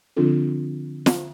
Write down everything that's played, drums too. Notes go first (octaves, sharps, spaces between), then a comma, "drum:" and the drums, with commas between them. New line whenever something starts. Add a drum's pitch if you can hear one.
D3 F3 C4 D4 F4 A4
drum: snare